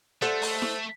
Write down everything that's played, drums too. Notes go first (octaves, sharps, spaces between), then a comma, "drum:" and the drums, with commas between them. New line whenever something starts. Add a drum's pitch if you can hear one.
A3 A4 C5 F#5, drum: hi-hat
drum: open hi-hat
drum: snare E4